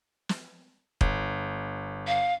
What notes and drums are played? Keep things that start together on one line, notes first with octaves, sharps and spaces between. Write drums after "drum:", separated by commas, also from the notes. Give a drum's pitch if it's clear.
drum: snare
G1, drum: kick
F5